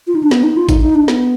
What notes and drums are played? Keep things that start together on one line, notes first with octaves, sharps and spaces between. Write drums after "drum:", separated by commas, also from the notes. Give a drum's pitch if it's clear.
F4
D#4
D4
B3, drum: snare
D#4
F4
D#4, drum: kick G#1, tambourine
D#4
D4
B3, drum: snare